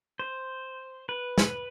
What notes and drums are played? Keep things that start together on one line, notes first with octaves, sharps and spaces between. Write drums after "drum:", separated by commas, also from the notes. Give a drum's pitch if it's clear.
C5
B4
drum: snare